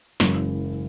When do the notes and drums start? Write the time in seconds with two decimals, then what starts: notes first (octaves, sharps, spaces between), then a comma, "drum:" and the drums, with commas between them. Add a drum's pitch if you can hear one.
0.20 F#1 F#2 E3 G#3 C#4, drum: snare